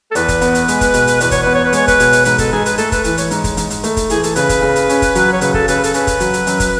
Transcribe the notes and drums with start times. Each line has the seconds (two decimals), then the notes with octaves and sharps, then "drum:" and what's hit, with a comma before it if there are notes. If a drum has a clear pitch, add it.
0.11 A4
0.15 E2 B4, drum: hi-hat
0.28 drum: kick, hi-hat
0.41 B3, drum: hi-hat
0.55 drum: hi-hat
0.68 G#3, drum: hi-hat
0.81 drum: kick, hi-hat
0.94 B2, drum: hi-hat
1.07 drum: hi-hat
1.20 E2 B4, drum: hi-hat
1.31 C#5, drum: kick, hi-hat
1.43 B3 B4
1.54 C#5
1.65 B4
1.73 G#3 C#5, drum: hi-hat
1.88 B4, drum: kick, hi-hat
2.00 B2, drum: hi-hat
2.13 drum: hi-hat
2.25 G#2 B4, drum: hi-hat
2.38 A4, drum: kick, hi-hat
2.52 G#2 G#4
2.66 B4, drum: hi-hat
2.78 A3 A4, drum: hi-hat
2.92 B4, drum: kick, hi-hat
3.04 E3 B4, drum: hi-hat
3.18 C#5, drum: hi-hat
3.31 G#2, drum: hi-hat
3.44 drum: kick, hi-hat
3.57 G#2, drum: hi-hat
3.70 drum: hi-hat
3.84 A3, drum: hi-hat
3.97 drum: kick, hi-hat
4.10 E3 G#4, drum: hi-hat
4.23 A4, drum: hi-hat
4.36 C#3 B4, drum: hi-hat
4.49 drum: kick, hi-hat
4.62 C#3
4.76 drum: hi-hat
4.89 C#4, drum: hi-hat
5.02 drum: kick, hi-hat
5.15 F#3, drum: hi-hat
5.33 C#5
5.41 C#3 B4, drum: hi-hat
5.54 A4, drum: kick
5.68 C#3 B4, drum: hi-hat
5.84 A4, drum: hi-hat
5.94 C#4 B4, drum: hi-hat
6.07 drum: kick, hi-hat
6.20 F#3, drum: hi-hat
6.33 drum: hi-hat
6.47 F#2, drum: hi-hat
6.60 drum: kick, hi-hat